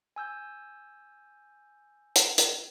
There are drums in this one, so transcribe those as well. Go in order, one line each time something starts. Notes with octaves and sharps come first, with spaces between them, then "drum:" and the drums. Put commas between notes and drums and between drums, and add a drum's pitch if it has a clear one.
G#5 E6 G6
drum: hi-hat
drum: hi-hat